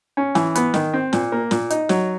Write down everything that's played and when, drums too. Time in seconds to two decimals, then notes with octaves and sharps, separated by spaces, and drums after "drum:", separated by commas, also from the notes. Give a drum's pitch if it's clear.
0.17 C#4
0.35 E3, drum: snare
0.55 B3, drum: hi-hat
0.74 D#3, drum: snare
0.94 C4
1.13 A#2, drum: snare
1.32 A#3
1.51 A#2, drum: snare
1.70 D#4, drum: hi-hat
1.89 F#3, drum: snare